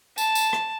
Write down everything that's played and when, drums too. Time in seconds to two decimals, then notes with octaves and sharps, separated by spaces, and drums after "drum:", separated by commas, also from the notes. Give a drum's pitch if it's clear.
0.18 A5, drum: tambourine
0.35 drum: tambourine
0.53 drum: rim click